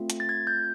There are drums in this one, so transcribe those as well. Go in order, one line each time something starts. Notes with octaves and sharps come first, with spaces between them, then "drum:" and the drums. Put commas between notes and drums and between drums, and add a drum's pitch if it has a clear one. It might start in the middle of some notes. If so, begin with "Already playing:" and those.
Already playing: A3 C4 F4
drum: hi-hat
A6
G#6
G6